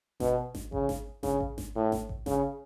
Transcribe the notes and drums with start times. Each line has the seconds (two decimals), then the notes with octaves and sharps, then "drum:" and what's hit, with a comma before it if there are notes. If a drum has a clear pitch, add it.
0.20 B2, drum: snare G#1
0.55 drum: snare G#1
0.72 C#3, drum: kick A1
0.89 drum: snare G#1
1.23 C#3, drum: snare G#1
1.41 drum: kick A1
1.58 drum: snare G#1
1.75 A2
1.92 drum: snare G#1
2.09 drum: kick A1
2.26 C#3, drum: snare G#1